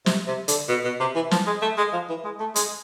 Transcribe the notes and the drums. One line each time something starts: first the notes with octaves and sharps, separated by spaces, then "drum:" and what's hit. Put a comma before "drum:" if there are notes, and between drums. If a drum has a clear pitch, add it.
C3, drum: snare
C3
D3, drum: hi-hat
B2
B2
C3
E3
F3, drum: snare
G#3
A3
G#3
F3
E3
G#3
A3
G#3, drum: hi-hat